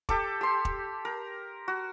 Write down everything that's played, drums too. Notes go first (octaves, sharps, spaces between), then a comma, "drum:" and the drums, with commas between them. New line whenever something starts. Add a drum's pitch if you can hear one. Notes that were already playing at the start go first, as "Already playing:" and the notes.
G4 A4 D6, drum: kick
G4 C6
drum: kick
A#4
F#4